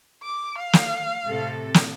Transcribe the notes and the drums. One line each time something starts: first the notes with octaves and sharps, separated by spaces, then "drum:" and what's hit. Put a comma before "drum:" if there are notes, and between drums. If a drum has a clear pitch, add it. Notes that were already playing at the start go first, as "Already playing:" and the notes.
D6
F5
drum: snare
A2 C3 A4
drum: snare